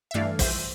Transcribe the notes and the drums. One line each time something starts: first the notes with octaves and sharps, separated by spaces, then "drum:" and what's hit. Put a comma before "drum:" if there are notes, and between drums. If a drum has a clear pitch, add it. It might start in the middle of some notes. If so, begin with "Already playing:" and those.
E5
G2 E3 A3 D5 F5
C5 E5, drum: kick, open hi-hat